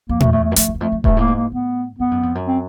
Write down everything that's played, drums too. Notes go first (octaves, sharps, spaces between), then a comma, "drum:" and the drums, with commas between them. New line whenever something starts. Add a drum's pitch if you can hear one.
F2 A#3
A3, drum: tom A#2
F2
E2 A3
A3
F#2
F2 A3, drum: hi-hat
F#2
E2
F2 A3
F#2
G2 A3, drum: kick D#1
A2 A#3
G#2
A#3
A2 B3
G2 B3
F#2
F2
F#2
C4